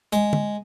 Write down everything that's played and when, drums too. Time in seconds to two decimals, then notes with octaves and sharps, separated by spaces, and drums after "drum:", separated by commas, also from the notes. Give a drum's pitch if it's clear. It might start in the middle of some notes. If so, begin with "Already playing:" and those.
0.13 G#3, drum: hi-hat
0.33 drum: tom